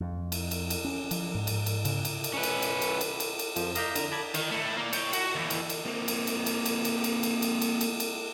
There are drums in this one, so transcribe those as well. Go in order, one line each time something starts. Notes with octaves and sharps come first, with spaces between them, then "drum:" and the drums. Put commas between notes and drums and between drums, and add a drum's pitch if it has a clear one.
F2
drum: cymbal
drum: cymbal
drum: cymbal
C#4
F3, drum: cymbal
G#2
drum: cymbal
drum: cymbal
C#3, drum: cymbal
drum: cymbal
drum: cymbal
C#4 B4
drum: cymbal
drum: cymbal
drum: cymbal
drum: cymbal
drum: cymbal
drum: cymbal
F2 F3, drum: cymbal
D#5 F5 A#5 D6 G6 B6, drum: cymbal
D3 A#5, drum: cymbal
A5 B5 D6 G#6
D#3, drum: cymbal
A3 E4
A#3 D5
C#5 G5, drum: cymbal
F#4, drum: cymbal
D#2 E3
drum: cymbal
drum: cymbal
A#3 C4
drum: cymbal
drum: cymbal
drum: cymbal
drum: cymbal
drum: cymbal
drum: cymbal
drum: cymbal
drum: cymbal
drum: cymbal
drum: cymbal
drum: cymbal